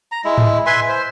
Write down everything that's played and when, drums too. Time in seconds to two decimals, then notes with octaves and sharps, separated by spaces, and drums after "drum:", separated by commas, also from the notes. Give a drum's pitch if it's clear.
0.12 A#5
0.25 G#3 E4
0.38 drum: tom G#2
0.66 B4 E5 G#5 C6
0.89 C5